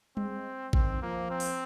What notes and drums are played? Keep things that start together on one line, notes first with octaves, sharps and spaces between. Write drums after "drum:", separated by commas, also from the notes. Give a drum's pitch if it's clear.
G#3 C4, drum: tom G3
D#3 C4, drum: kick A1
F3 A#3
C4
drum: open hi-hat